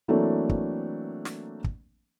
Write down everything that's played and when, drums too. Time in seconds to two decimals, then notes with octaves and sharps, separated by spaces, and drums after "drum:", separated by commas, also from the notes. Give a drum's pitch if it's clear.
0.08 E3 F#3 A3 A#3 C4 D4
0.49 drum: kick
1.25 drum: snare
1.64 drum: kick